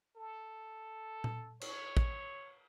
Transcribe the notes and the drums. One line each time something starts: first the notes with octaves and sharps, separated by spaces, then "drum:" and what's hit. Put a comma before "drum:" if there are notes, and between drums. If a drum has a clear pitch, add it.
A4
drum: tom A#2
C#5, drum: cymbal
drum: kick